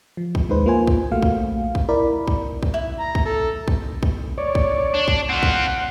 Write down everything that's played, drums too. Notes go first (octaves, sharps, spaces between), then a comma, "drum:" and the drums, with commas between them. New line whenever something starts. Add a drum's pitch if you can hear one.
F3
drum: kick
D#2 G#3 D#4 B4 C5
A#3 F4 C5 G#5
drum: kick
A#1 A3 A#3 F#4 F5
drum: kick
drum: kick
E4 A#4 D5 B5
drum: kick
drum: kick
E4
A#5
drum: kick
A4
drum: kick
drum: kick
C#5 D5
drum: kick
D4
drum: kick
C4 F4 F#5
drum: kick